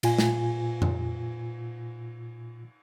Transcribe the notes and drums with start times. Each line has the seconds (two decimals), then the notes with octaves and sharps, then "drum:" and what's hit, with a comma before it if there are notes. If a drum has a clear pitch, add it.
0.03 A#2 F4 G#5, drum: cymbal
0.18 drum: snare
0.82 drum: tom F2